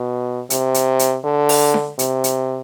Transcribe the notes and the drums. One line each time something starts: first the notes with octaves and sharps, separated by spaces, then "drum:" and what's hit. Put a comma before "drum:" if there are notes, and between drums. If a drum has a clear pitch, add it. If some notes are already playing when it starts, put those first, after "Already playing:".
Already playing: B2
C3, drum: hi-hat
drum: hi-hat
drum: hi-hat
D3
drum: open hi-hat
drum: snare D4
C3, drum: hi-hat
drum: hi-hat